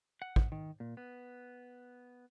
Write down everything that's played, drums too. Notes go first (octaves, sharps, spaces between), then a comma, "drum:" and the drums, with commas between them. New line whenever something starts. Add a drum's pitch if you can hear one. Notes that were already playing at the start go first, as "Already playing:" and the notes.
F#5
drum: kick
D#3
A#2
B3